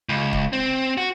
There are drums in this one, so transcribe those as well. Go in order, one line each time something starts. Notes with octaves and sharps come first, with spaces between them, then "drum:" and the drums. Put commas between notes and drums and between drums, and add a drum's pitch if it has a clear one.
C#2
drum: kick C#1
C4
F#4